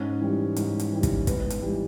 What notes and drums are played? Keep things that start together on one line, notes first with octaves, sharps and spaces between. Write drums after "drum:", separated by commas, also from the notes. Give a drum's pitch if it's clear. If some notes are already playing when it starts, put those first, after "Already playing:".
Already playing: G#2 C#4 C#5
E3 G3
G#2, drum: hi-hat
drum: hi-hat
E3 G3
drum: kick, hi-hat
G#2 B3 B4, drum: kick, hi-hat
drum: hi-hat
E3 G3